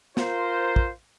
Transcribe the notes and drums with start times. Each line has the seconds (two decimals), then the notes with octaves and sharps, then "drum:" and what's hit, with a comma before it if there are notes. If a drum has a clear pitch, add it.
0.17 F4 A#4 C5, drum: snare
0.76 drum: kick